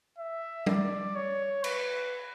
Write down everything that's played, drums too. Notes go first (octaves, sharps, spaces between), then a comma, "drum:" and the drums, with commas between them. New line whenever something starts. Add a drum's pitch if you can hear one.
E5
D5, drum: tom G3
C#5
B4, drum: cymbal